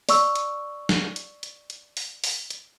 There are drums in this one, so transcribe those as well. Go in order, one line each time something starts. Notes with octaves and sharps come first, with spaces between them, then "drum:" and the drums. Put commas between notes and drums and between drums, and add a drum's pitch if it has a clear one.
D5 C#6 E6, drum: open hi-hat
drum: hi-hat
drum: snare
drum: hi-hat
drum: hi-hat
drum: hi-hat
drum: open hi-hat
drum: open hi-hat
drum: hi-hat